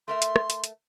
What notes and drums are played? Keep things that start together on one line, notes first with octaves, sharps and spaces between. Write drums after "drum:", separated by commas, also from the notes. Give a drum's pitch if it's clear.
A3 A#4 E5 C6
drum: hi-hat
drum: rim click
drum: hi-hat
drum: hi-hat